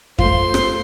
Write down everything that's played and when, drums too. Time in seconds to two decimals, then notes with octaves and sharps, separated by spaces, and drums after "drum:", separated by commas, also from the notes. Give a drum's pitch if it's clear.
0.19 A3 F4 C5 C6, drum: kick F2
0.54 drum: rim click